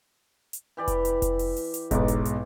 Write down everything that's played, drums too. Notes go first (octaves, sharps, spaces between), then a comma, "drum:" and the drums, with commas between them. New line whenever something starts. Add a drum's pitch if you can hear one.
drum: hi-hat
E3 G4 D5
drum: kick F1, hi-hat
drum: hi-hat
drum: kick F1, hi-hat
drum: open hi-hat
drum: open hi-hat
drum: hi-hat
B1 G#2 B3 D6, drum: kick F1, hi-hat
drum: hi-hat
drum: hi-hat